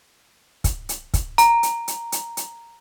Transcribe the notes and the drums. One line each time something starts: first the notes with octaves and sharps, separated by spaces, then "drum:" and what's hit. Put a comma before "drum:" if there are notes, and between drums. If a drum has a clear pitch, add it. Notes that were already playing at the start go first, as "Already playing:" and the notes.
drum: kick, hi-hat
drum: hi-hat
drum: kick, hi-hat
A#5, drum: hi-hat
drum: hi-hat
drum: hi-hat
drum: hi-hat
drum: hi-hat